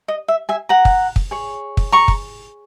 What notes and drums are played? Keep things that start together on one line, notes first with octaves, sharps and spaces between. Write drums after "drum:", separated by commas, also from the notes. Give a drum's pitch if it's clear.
D#5
E5
E5 G#5
F#5 A#5
drum: kick
drum: kick
G#4 C#5
drum: kick
A#5 C#6
drum: kick